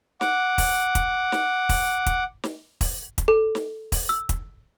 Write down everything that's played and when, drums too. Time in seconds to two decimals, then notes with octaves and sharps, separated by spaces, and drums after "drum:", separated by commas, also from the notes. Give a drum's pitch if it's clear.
0.21 F#5 D6, drum: snare
0.58 drum: kick, open hi-hat
0.95 drum: kick, hi-hat
1.32 drum: snare
1.69 drum: kick, open hi-hat
2.06 drum: kick, hi-hat
2.44 drum: snare
2.81 drum: kick, open hi-hat
3.18 drum: kick, hi-hat
3.28 A4
3.55 drum: snare
3.92 drum: kick, open hi-hat
4.09 E6
4.29 drum: kick, hi-hat